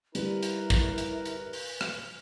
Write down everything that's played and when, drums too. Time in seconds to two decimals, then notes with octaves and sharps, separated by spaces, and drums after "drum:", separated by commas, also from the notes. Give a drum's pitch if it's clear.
0.15 G3 E4 A#4 B4, drum: hi-hat
0.43 drum: hi-hat
0.70 drum: kick, hi-hat
0.98 drum: hi-hat
1.26 drum: hi-hat
1.53 drum: open hi-hat
1.81 drum: rim click